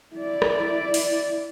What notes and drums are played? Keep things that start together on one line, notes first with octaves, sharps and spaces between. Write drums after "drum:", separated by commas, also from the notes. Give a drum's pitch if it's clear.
E4 D5
drum: rim click
drum: open hi-hat